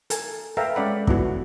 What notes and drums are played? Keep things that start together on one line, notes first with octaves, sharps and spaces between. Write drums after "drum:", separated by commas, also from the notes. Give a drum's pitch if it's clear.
A4 A#4 G#5, drum: hi-hat
A4 B4 E5 F5 G5 A#5
G#3 C#4 D5 F#5 B5
B3 E4 F#4, drum: kick